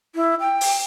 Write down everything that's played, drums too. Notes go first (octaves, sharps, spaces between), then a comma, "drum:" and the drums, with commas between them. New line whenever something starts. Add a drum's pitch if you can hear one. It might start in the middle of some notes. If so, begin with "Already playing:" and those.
E4
G5
drum: open hi-hat